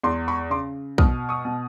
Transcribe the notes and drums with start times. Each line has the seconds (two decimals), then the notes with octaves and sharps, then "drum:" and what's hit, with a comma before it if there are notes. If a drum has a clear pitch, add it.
0.03 E2 C6 D6
0.28 B5 C#6
0.50 C#3 C6 D6
0.98 B2 D#6 F6, drum: kick B1
1.29 C#6 D#6
1.45 B2